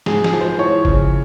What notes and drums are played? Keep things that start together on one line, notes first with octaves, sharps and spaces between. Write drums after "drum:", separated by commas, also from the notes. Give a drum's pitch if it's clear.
G#2 G#4, drum: snare
G#4, drum: snare
F3
C5
E3 C#5
C#3, drum: kick G1